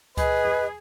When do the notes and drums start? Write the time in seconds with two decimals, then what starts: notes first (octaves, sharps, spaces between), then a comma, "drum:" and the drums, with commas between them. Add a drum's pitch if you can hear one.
0.17 G#4 B4 D#5, drum: kick C#2, hi-hat
0.44 drum: tom E2